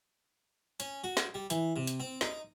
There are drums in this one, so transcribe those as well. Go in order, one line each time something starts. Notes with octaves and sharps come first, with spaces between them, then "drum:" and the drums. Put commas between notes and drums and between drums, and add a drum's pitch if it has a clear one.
C#4, drum: hi-hat
F#4
drum: snare
G3
E3, drum: hi-hat
C3
drum: hi-hat
C4
D#4, drum: snare